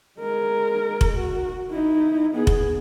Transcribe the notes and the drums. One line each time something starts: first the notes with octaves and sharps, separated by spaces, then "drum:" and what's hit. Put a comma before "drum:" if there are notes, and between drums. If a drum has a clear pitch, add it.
G#3 A#4
drum: kick F1
F#4
D#4 E4
B3 G#4
drum: kick F1